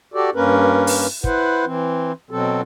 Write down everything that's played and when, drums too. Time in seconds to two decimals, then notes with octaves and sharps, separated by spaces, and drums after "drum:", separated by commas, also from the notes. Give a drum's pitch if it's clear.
0.14 F#4 G4 A4 D5
0.35 G2 A#3 C#4 A#4 B4
0.87 drum: open hi-hat
1.24 E4 B4 C5 F#5, drum: kick
1.65 E3 C4
2.31 B2 F#3 C4 A4